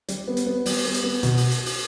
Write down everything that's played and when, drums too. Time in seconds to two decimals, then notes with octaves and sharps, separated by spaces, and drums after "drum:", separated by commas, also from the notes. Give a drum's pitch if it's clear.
0.08 G3, drum: hi-hat
0.27 B3
0.37 drum: hi-hat
0.46 B3
0.66 G3, drum: open hi-hat
0.85 B3
0.94 drum: hi-hat
1.03 B3
1.23 B2, drum: hi-hat
1.37 drum: open hi-hat
1.51 drum: hi-hat
1.66 drum: open hi-hat